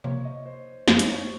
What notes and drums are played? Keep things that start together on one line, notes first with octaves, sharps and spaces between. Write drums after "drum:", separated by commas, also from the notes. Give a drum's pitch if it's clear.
C3 F3 A#3 C#5
D#5
C5
F#2 F3 A#3 D#4 C5, drum: snare
C5, drum: hi-hat
C#5